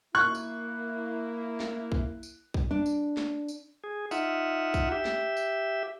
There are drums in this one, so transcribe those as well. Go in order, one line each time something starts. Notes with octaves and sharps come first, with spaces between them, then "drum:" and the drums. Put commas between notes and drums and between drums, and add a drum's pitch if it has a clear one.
A#3 E4 C#6 F#6
drum: tambourine
drum: snare
drum: kick B1
drum: tambourine
drum: kick B1
D4
drum: tambourine
drum: snare
drum: tambourine
G#4
D#4 F4 E5 F#5, drum: tambourine
drum: kick B1, tambourine
G4 E5
drum: snare
drum: tambourine